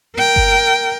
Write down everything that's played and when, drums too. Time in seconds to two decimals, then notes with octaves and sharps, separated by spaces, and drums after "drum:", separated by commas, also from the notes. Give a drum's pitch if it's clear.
0.16 A#4 G5
0.36 drum: kick G1